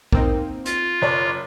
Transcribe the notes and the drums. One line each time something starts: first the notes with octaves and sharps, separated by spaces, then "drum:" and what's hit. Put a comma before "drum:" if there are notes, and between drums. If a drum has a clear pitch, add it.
A#3 C4 D#4, drum: kick
F4, drum: hi-hat
F#1 C#5 D5